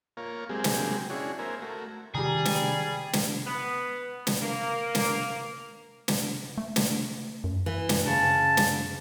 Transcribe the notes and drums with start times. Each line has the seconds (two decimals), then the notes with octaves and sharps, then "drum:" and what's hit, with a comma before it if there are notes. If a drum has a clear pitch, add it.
0.17 A#3 F4 A#4 C#5
0.49 F#3 G#3 A#3 C4 G4 G#4
0.64 drum: snare
1.10 C#4 D4 E4 F#4 G#4 C#5
1.39 A#3 A#4 C5 E5 G#5
1.62 A3 F#4 A#4
2.14 C3 D#3 G3 G4 G#4 A#5
2.46 drum: snare
3.14 drum: snare
3.45 B3
4.27 drum: snare
4.42 A#3
4.95 drum: snare
6.08 drum: snare
6.58 A3
6.76 drum: snare
7.44 F#2
7.66 E3
7.89 drum: snare
8.07 C#3 A5
8.57 drum: snare